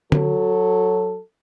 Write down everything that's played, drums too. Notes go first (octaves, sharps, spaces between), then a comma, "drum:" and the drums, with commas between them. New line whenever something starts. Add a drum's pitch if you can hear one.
F#3 F#4 A4, drum: tom D3